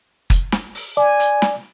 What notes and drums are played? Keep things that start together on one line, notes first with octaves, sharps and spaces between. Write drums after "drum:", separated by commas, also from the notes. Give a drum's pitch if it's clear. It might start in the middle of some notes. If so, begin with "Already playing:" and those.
drum: kick, hi-hat
drum: snare
drum: open hi-hat
D5 G#5
drum: hi-hat
drum: snare